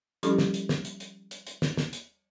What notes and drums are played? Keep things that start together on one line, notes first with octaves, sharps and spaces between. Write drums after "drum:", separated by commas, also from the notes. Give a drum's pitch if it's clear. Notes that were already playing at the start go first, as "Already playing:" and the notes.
F3 G3 C#4 E4 G4 A4, drum: hi-hat
drum: snare
drum: hi-hat
drum: snare
drum: hi-hat
drum: hi-hat
drum: hi-hat
drum: hi-hat
drum: snare
drum: snare
drum: hi-hat